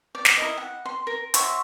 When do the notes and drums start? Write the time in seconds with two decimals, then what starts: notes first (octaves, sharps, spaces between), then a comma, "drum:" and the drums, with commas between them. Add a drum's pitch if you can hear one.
0.15 D5
0.25 drum: snare
0.37 E4 A#4 D#5
0.58 F#5
0.86 C6
1.07 A#4
1.34 F#4 C#5 E5 C6, drum: hi-hat